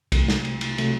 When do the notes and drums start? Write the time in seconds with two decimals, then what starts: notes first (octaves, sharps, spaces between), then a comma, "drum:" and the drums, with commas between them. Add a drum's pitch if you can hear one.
0.12 C2 C3 F#3 A3, drum: kick, cymbal
0.28 drum: snare
0.45 drum: cymbal
0.61 drum: cymbal
0.78 C3 F#3 A3, drum: cymbal